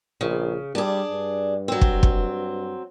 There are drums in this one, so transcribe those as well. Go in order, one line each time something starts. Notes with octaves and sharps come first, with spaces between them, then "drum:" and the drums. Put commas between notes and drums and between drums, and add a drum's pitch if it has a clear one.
A#1 C#3
G3 D4 G#4
G2
F#3 C4
drum: kick
drum: kick